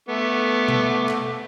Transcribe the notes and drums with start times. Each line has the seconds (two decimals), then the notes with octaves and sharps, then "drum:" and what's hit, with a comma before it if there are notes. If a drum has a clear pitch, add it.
0.09 A3 B3 D6
0.68 drum: tom B2
1.09 drum: clap